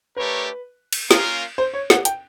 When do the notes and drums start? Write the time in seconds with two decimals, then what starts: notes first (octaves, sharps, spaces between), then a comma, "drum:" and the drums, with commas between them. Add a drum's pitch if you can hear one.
0.16 A3 D4 G4 A#4 B4 C#5
0.93 drum: cymbal
1.11 A#3 C#4 F4 A#4, drum: snare
1.58 C5
1.74 C#5
1.90 F#5, drum: snare
2.05 G5, drum: hi-hat